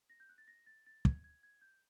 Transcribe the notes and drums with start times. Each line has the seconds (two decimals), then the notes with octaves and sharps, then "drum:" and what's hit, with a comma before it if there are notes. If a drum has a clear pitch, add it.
0.10 A#6
0.20 G6
0.29 F#6
0.38 A6
0.48 A#6
0.66 A6
0.86 A6
1.05 G#6, drum: kick
1.24 G#6
1.43 G#6
1.61 G6